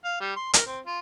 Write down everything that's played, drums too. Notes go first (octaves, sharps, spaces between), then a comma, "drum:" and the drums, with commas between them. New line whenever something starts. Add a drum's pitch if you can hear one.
F5
G3
C6
A#4, drum: hi-hat
C4
F4